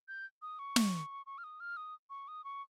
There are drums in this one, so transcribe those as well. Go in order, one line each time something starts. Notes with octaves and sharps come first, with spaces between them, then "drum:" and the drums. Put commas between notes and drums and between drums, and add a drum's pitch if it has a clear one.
G6
D#6
C#6
drum: snare
C#6
F6
D#6
F6
D#6
C#6
D#6
C#6